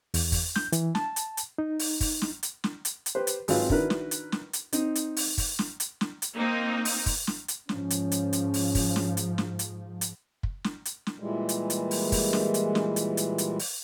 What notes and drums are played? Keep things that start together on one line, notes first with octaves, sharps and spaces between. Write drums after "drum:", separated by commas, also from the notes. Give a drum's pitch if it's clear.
E2, drum: open hi-hat
drum: kick, open hi-hat
G6, drum: snare
E3, drum: hi-hat
A5, drum: snare
drum: hi-hat
drum: hi-hat
D#4
drum: open hi-hat
drum: kick, open hi-hat
drum: snare
drum: hi-hat
drum: snare
drum: hi-hat
drum: hi-hat
G4 B4 C5
drum: hi-hat
G#1 F#3 C4 F4 B4, drum: open hi-hat
D#3 D4 E4 F#4 A#4 B4, drum: kick
drum: snare
drum: hi-hat
drum: snare
drum: hi-hat
C4 D#4, drum: hi-hat
drum: hi-hat
drum: open hi-hat
drum: kick, open hi-hat
drum: snare
drum: hi-hat
drum: snare
drum: hi-hat
A#3 C4 D#4
drum: open hi-hat
drum: kick, open hi-hat
drum: snare
drum: hi-hat
G#2 F3 C#4, drum: snare
drum: hi-hat
drum: hi-hat
drum: hi-hat
drum: open hi-hat
drum: kick, open hi-hat
drum: snare
drum: hi-hat
drum: snare
drum: hi-hat
drum: hi-hat
drum: kick
drum: snare
drum: hi-hat
drum: snare
A#2 E3 G3 G#3
drum: hi-hat
drum: hi-hat
drum: open hi-hat
drum: kick, open hi-hat
drum: snare
drum: hi-hat
drum: snare
drum: hi-hat
drum: hi-hat
drum: hi-hat
drum: open hi-hat